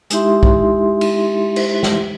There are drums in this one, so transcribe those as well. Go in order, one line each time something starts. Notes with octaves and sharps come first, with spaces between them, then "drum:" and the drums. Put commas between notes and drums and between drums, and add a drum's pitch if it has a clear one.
G#3 D#4 E4 G4 E5 C6, drum: hi-hat
drum: kick
drum: cymbal
drum: cymbal
drum: snare